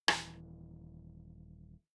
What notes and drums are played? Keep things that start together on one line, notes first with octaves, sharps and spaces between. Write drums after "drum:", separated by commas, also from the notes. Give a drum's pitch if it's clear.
D#1 E3, drum: rim click